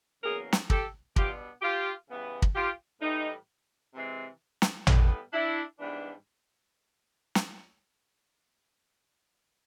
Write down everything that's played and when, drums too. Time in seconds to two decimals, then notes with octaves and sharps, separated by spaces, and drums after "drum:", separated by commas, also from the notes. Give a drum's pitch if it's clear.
0.23 E2 C#3 F#3 A#3 C#4 G#4 A#4
0.53 drum: snare
0.70 G4 A4, drum: kick
1.16 B2 G3 B3 D4 F4 G4, drum: kick
1.62 F4 G4
2.09 C#3 E3 G3 B3
2.42 drum: kick
2.55 F4 G4
3.02 A2 E3 G3 D#4
3.95 C3 E3 G#3 C4
4.62 drum: snare
4.87 A2 E3 G3 B3, drum: tom A1
5.33 D4 E4
5.79 G#2 E3 G3 B3 D4
7.35 drum: snare